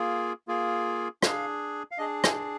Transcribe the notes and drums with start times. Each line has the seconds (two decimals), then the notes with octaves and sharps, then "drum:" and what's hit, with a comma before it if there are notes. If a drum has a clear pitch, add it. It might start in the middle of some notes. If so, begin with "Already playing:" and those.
Already playing: A#3 F4 G#4
0.48 A#3 F4 G#4
1.23 D4 G#4 F5, drum: rim click
1.91 F5
1.98 D4 G#4 D#5
2.24 G#5, drum: rim click